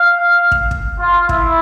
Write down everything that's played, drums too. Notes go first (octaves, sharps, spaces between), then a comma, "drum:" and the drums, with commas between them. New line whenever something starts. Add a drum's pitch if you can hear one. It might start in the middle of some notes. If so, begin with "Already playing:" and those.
Already playing: F5
drum: kick
drum: kick
F4
E4, drum: kick